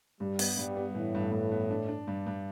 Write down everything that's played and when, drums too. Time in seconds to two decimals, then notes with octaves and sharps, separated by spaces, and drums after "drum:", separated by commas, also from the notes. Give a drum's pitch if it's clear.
0.20 G2 G3
0.39 B3, drum: open hi-hat
0.57 G2 G3
0.76 B3
0.95 A2 E3
1.15 G2
1.32 G2
1.51 B3
1.70 D4
1.88 D4
2.07 G2
2.27 G2